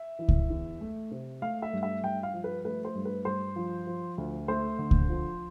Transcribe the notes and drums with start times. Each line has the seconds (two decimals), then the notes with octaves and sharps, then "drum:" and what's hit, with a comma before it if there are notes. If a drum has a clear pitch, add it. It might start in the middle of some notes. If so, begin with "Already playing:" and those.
Already playing: E5
0.19 E3
0.28 drum: kick C#2
0.50 E2
0.81 A3
1.11 C3
1.42 A3 F5
1.62 E5
1.73 G2
1.83 E5
2.03 G2 G5
2.23 F5
2.34 F3
2.44 B4
2.65 A3 B4
2.85 C5
2.95 G2
3.05 B4
3.25 G2 C5
3.56 F3
3.87 F3
4.18 D2
4.48 A3 C5
4.78 D3
4.91 drum: kick C#2
5.09 F3